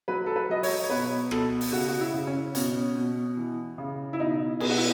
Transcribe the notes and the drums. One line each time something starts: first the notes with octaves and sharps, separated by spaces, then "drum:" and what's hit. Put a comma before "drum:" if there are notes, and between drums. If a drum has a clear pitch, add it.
F#3 B4
A4
B4
F#3 D#5
C#5, drum: open hi-hat
C#5
B2 B4
B2 A4, drum: rim click
drum: open hi-hat
C#3 F#4
F#4
E4
C#3
C#4
B2 C#4, drum: hi-hat
B2
E3
C#3
E4
B2 D#4
B2 G#4, drum: cymbal
F#4
E4